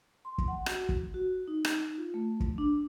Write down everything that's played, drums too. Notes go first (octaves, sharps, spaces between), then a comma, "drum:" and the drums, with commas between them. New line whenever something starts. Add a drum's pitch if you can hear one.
C6
drum: kick
F#5
F#4, drum: rim click
drum: kick
F#4
D#4
drum: rim click
F4
A3
drum: kick
D4